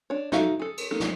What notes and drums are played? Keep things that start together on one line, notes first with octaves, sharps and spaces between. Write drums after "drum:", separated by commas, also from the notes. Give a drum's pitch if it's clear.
D4 C#5
D#4 F#4 A4 E5 F5, drum: snare
G#4 A4
drum: cymbal
A#3 D#4 A4
drum: snare